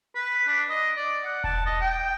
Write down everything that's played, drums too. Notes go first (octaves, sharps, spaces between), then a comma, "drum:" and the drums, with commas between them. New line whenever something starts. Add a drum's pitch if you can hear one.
B4
D4
D#5
D5
F#5
A5, drum: kick E1
D#5
G5